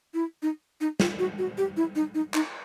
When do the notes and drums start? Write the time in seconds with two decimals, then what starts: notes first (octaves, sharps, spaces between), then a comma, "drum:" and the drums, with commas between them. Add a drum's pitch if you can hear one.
0.14 E4
0.42 D#4
0.81 D#4
1.00 F4, drum: snare
1.19 F#4
1.38 F#4
1.58 G4
1.77 E4
1.95 D#4
2.15 D#4
2.34 D#4, drum: clap